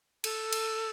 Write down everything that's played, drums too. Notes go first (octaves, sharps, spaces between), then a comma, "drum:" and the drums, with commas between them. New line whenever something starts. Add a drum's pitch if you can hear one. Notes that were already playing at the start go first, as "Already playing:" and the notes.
A4, drum: cymbal
drum: cymbal